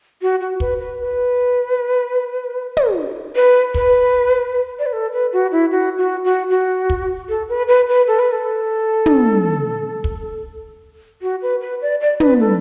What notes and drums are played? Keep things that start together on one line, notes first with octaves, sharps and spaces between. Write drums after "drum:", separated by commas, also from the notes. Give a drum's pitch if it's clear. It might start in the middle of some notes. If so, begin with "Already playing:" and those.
F#4
F#4
B4, drum: kick
B4
B4
drum: tom
B4
B4, drum: kick
D5
B4
A4
B4
F#4
E4
F#4
F#4
F#4
F#4
drum: kick
A4
B4
B4
B4
A4
B4
A4
drum: tom
drum: kick
F#4
B4
B4
D5
D5
B4, drum: tom
A4